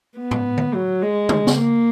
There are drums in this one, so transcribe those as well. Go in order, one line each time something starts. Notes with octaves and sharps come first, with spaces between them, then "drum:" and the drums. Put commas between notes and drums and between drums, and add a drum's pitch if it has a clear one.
B3
drum: tom A2
drum: tom D3
F#3
G#3
drum: tom
drum: snare
A#3